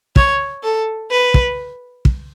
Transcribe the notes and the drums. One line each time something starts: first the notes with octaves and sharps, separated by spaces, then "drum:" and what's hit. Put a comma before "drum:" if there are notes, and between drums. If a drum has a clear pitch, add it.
C#5, drum: kick
A4
B4
drum: kick
drum: kick